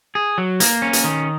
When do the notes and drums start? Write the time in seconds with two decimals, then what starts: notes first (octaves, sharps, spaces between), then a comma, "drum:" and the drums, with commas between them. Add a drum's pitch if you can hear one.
0.15 G#4
0.38 F#3
0.60 A#3, drum: hi-hat
0.82 C#4
0.93 drum: hi-hat
1.04 D#3